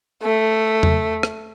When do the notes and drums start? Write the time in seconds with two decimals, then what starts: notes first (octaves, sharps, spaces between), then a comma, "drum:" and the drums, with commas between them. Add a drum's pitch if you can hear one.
0.23 A3
0.83 drum: tom E2
1.23 drum: rim click